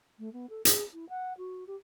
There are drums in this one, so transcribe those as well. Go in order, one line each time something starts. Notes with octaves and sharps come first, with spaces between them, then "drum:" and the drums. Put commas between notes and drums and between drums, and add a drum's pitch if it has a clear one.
A3
B3
A4
G#4, drum: hi-hat
E4
F#5
F#4
G4